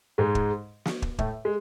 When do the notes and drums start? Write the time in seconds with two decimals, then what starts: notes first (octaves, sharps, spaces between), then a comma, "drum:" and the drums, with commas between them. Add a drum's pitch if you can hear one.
0.18 G#2 G#3
0.35 drum: kick
0.85 drum: snare
1.02 drum: kick
1.19 A2 A3, drum: kick
1.45 G#3